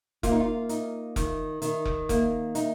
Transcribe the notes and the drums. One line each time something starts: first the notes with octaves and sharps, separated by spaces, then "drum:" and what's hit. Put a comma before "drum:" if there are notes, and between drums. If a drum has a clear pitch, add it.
A#3 F4, drum: kick F1, hi-hat
D#4
F4
D#4, drum: hi-hat
D#3, drum: kick F1, hi-hat
D#3, drum: hi-hat
drum: kick F1
A#3, drum: kick F1, hi-hat
D#4, drum: hi-hat